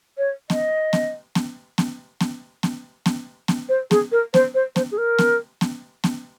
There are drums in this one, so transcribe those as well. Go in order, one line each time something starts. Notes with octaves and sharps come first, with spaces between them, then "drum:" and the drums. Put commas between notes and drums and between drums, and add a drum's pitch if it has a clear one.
C#5
D#5, drum: snare B3
drum: snare B3
drum: snare B3
drum: snare B3
drum: snare B3
drum: snare B3
drum: snare B3
drum: snare B3
C5
G#4, drum: snare B3
A#4
C5, drum: snare B3
C5
C5, drum: snare B3
G#4
A#4
drum: snare B3
drum: snare B3
drum: snare B3